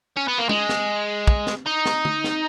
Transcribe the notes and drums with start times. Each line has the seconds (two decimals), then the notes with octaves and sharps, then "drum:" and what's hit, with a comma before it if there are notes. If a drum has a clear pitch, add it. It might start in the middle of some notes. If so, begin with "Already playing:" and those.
0.17 C#4
0.28 B3
0.38 A#3
0.49 G#3, drum: tom
0.69 drum: snare
1.27 drum: kick
1.47 drum: snare
1.67 D#4
1.86 drum: snare
2.05 drum: tom
2.24 drum: snare